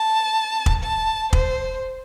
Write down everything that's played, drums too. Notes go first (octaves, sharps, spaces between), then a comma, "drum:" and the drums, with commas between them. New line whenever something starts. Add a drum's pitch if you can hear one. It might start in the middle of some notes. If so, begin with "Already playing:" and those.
Already playing: A5
drum: kick
A5
C5, drum: kick